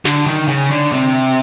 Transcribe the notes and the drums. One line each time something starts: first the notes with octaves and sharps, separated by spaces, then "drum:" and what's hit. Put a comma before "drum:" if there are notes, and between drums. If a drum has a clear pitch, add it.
D3, drum: snare
D#3
C#3
D3
C3, drum: hi-hat